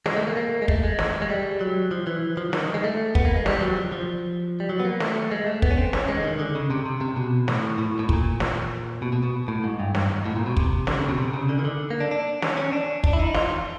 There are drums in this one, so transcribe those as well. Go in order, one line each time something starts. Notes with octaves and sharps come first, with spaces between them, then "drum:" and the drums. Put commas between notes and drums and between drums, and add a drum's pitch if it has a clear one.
G#3, drum: snare
A3
A#3
A#3
G#3
A3, drum: kick
G#3
drum: snare
G#3
G3
F#3
F3
E3
F3
D#3, drum: snare
G#3
A3
B3, drum: kick
A#3
G#3
G3, drum: snare
F#3
F3
F3
G3
F#3
B3
A#3
A3, drum: snare
G#3
A3
B3, drum: kick
C#4
C4
C#4, drum: snare
G#3
D3
D#3
D3
C#3
C3
C3
C3
B2
A2, drum: snare
A2
A2
A#2, drum: kick
drum: snare
B2
B2
B2
A2
G#2
G2
G2, drum: snare
G#2
A2
A#2
B2
C3, drum: kick
D3, drum: snare
C#3
B2
C3
C#3
D3
D#3
D3
A#3
D4
D4
C#4, drum: snare
C#4
D4
D4, drum: kick
E4
D#4
F4, drum: snare